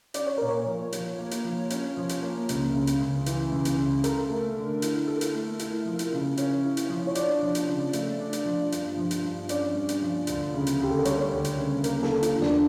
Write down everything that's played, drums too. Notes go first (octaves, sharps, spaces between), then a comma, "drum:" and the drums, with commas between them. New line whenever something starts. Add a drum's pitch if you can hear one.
C#4 D5, drum: hi-hat
C#5
A#2 A#4
C#5
F3
F3, drum: hi-hat
A#3
drum: hi-hat
F3
C#4, drum: hi-hat
F3
drum: hi-hat
A#3
C#2, drum: hi-hat
C#3
drum: hi-hat
C#2
E3, drum: hi-hat
C#2
drum: hi-hat
C#3
A4 A#4, drum: hi-hat
A3
D3
E4, drum: hi-hat
A4
drum: hi-hat
A3
E4, drum: hi-hat
F3
drum: hi-hat
C#3
C#4, drum: hi-hat
E4
drum: hi-hat
F3
C#5
D4 D5, drum: hi-hat
F3
drum: hi-hat
C#3
A3, drum: hi-hat
D4
drum: hi-hat
F3
G2, drum: hi-hat
F3
drum: hi-hat
G2
C#4 D5, drum: hi-hat
G2
drum: hi-hat
F3
D2, drum: hi-hat
C#3
drum: hi-hat
D2 G4
A4
A#4
G3 C#5, drum: hi-hat
D2
drum: hi-hat
C#3
A#3 A#4, drum: hi-hat
A4, drum: snare
D3
F4, drum: hi-hat
E2
D4, drum: snare